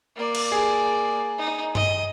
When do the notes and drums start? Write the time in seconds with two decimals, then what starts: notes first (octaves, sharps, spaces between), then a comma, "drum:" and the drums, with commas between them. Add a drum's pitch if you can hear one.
0.16 A#3 D5
0.35 drum: cymbal
0.52 G#4
1.38 D#4
1.75 D#5, drum: tom G2